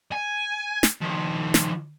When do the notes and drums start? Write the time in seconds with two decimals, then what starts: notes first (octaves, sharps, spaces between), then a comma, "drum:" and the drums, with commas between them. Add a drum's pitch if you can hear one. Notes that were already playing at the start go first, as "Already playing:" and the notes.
0.12 G#5
0.83 drum: snare
1.02 D#3 F3
1.54 drum: snare